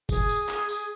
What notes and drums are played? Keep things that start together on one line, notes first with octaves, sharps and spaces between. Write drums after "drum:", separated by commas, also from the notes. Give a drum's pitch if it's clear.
G#4, drum: kick F1, tambourine
drum: tambourine
drum: clap
drum: tambourine